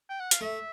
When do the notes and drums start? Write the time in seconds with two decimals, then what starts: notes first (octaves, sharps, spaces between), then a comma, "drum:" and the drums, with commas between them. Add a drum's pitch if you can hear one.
0.09 G5
0.20 F#5
0.31 F5, drum: hi-hat
0.41 A3 E5